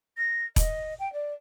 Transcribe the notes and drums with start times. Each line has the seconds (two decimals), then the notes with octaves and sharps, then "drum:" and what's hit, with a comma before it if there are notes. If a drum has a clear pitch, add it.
0.17 A#6
0.56 D#5, drum: kick E1, hi-hat
0.99 G5
1.13 D5